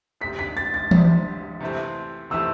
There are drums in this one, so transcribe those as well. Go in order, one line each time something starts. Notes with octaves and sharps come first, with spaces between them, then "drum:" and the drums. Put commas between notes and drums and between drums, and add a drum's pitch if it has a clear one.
D2 C3 G3 B6
B6
A6
A6
D2 C3 G3, drum: tom E3
C3 E3 A3 C4
C3 E3 A3 C4 E6